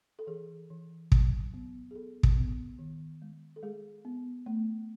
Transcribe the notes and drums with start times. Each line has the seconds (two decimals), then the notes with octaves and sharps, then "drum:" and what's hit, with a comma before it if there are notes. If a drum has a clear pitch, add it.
0.19 A4
0.27 E3 G#4
0.70 E3
1.12 F#3, drum: kick
1.54 B3
1.91 G#4
1.95 B3 A4
2.23 drum: kick
2.37 B3
2.79 D#3
3.22 G#3
3.56 A4
3.63 G#3 G#4
4.05 B3
4.46 A3